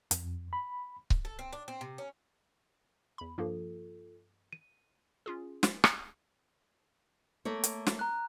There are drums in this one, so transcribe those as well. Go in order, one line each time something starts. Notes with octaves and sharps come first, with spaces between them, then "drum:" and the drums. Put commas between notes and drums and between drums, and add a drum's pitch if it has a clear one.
F2, drum: hi-hat
B5
drum: kick C#1
A4
C4
D4
C4
C3
C#4
E2 B5
G2 F3 A#3 F4 A4
D#7
C#4 F4 G#4
drum: snare
drum: rim click
A3 A#3 C#5
drum: hi-hat
drum: snare
A#5 F#6